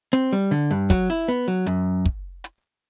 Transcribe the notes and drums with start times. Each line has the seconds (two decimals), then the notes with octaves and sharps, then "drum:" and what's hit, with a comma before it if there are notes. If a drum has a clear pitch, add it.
0.13 C4, drum: hi-hat
0.33 G3
0.51 D3
0.71 G2
0.90 F#3, drum: kick, hi-hat
1.10 E4
1.28 B3
1.48 F#3
1.66 F#2, drum: hi-hat
2.06 drum: kick
2.44 drum: hi-hat